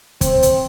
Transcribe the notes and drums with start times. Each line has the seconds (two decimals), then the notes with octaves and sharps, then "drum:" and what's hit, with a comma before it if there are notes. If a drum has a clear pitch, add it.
0.21 C4, drum: kick, hi-hat
0.42 drum: hi-hat